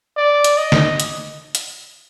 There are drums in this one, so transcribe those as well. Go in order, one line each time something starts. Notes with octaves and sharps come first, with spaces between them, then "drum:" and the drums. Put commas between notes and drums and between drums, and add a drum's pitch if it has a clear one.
D5
drum: hi-hat
D#5
drum: snare
drum: hi-hat
drum: hi-hat